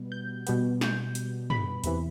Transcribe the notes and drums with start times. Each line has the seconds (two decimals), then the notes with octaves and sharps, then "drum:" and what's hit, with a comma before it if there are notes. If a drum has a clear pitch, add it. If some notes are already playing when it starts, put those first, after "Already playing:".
Already playing: B2 G3 B3
0.12 G6
0.47 B2 G3 B3, drum: hi-hat
0.81 G6, drum: snare
1.15 drum: hi-hat
1.50 B5, drum: tom
1.84 E2 C3 E3, drum: hi-hat